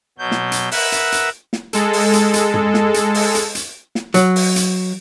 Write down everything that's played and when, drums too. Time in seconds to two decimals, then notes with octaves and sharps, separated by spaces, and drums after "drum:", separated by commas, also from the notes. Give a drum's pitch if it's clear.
0.18 B2 F#3 G6
0.31 drum: snare
0.52 drum: hi-hat
0.72 A#4 B4 E5 F#5 E6 F#6, drum: open hi-hat
0.92 drum: hi-hat
1.12 drum: hi-hat
1.53 drum: snare
1.73 G#3 A4, drum: hi-hat
1.93 drum: open hi-hat
2.13 drum: hi-hat
2.34 drum: hi-hat
2.54 drum: tom
2.74 drum: snare
2.94 drum: hi-hat
3.14 drum: open hi-hat
3.35 drum: hi-hat
3.55 drum: hi-hat
3.95 drum: snare
4.14 F#3, drum: hi-hat
4.36 drum: open hi-hat
4.56 drum: hi-hat